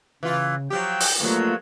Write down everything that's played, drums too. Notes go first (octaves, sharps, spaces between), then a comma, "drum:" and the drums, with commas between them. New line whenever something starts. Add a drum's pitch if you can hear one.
C#3 E3 F4
F3 F#3 G4 G5
drum: open hi-hat
G2 F3 F#3 A3 A#3 F4